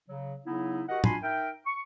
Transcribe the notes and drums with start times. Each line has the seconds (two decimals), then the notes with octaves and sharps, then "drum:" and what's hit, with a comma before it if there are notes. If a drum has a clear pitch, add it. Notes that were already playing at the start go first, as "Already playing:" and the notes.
0.08 C#3 F#3
0.46 C#3 F#3 B3 D#4 E4
0.89 F#4 G4 A#4 D#5 F#5
1.04 D4 F4 F#4 G#5 B5 C6, drum: tom A2
1.23 D#4 A#4 E5 G5
1.66 C#6